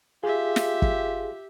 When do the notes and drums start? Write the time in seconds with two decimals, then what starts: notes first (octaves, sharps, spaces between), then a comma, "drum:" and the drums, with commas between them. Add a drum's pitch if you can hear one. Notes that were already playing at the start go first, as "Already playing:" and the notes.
0.24 F4 G4 G#4 E5
0.56 drum: snare
0.82 drum: kick